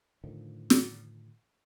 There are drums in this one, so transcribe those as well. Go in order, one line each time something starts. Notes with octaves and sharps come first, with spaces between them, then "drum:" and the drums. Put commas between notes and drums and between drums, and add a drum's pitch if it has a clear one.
A2 D3 D#3 F3
drum: snare